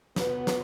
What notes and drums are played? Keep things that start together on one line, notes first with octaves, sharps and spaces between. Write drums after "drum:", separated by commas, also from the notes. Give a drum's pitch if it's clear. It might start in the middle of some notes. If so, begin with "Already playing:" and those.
B3, drum: snare
drum: snare